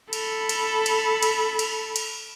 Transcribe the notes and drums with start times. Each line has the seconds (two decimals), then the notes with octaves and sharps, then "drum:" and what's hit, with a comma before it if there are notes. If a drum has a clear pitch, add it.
0.13 A4 B5, drum: cymbal
0.49 drum: cymbal
0.86 drum: cymbal
1.23 drum: cymbal
1.59 drum: cymbal
1.96 drum: cymbal